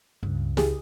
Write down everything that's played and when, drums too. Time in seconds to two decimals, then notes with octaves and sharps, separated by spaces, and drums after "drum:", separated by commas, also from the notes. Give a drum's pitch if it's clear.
0.23 C#2 G2
0.57 G4 G#4, drum: snare